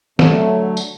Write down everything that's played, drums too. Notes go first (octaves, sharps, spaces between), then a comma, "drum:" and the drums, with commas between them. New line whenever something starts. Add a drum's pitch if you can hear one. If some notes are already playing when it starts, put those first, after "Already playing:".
D3 F#3 A3, drum: snare
drum: tambourine